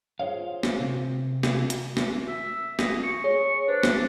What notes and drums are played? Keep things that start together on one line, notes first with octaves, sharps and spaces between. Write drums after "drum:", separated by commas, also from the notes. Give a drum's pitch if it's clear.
F4 G#4 C5 C#5 F5
drum: snare
C3 C4
drum: snare
drum: hi-hat
drum: snare
E5
D#5, drum: snare
C#6
G#4 C#5
D4 B4 C5
drum: snare